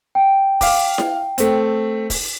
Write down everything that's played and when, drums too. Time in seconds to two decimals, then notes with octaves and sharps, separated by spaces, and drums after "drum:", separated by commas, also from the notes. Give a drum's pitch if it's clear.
0.15 G5
0.61 F5 D6, drum: kick E1, open hi-hat
0.98 drum: snare E4
1.38 A3 C4, drum: hi-hat
2.10 drum: kick E1, open hi-hat